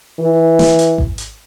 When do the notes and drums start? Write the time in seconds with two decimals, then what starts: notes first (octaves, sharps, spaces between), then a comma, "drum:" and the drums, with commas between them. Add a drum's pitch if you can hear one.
0.19 E3
0.59 drum: snare
0.79 drum: hi-hat
0.98 drum: kick G#1
1.18 drum: hi-hat